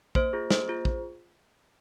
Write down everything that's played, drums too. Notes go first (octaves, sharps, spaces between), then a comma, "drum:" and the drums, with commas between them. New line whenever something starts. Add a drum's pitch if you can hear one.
A#3 C5, drum: kick
F4 G#4
A#3 C5, drum: snare
F4 G#4
drum: kick